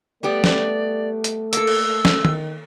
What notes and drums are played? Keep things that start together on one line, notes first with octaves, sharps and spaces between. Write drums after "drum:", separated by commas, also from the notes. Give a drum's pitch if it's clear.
G3 A3 B3 G4 D5
drum: snare
drum: hi-hat
A#3 A4 E6, drum: hi-hat
drum: cymbal
drum: snare
D#3, drum: tom D#3